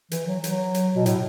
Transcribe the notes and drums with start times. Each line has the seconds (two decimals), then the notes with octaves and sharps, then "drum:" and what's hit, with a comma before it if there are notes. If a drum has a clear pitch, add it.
0.11 E3, drum: hi-hat
0.27 F#3
0.44 F#3, drum: hi-hat
0.75 drum: hi-hat
0.96 B2
1.06 A2, drum: hi-hat